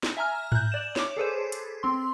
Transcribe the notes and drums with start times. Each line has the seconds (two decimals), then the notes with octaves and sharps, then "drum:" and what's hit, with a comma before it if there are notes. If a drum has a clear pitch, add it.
0.03 drum: snare
0.17 E5 G#5 A#5 F6
0.52 F#6 G6, drum: tom G#2
0.72 D5 E7
0.96 C#5 D6, drum: snare
1.17 G#4 A4 B4 C5
1.52 drum: hi-hat
1.83 C4 C6